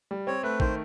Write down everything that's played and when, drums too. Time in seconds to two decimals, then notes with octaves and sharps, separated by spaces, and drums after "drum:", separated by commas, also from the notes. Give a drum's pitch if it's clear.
0.11 G3
0.27 C4 C#5
0.43 A3 B4
0.60 D#3 C5, drum: kick A1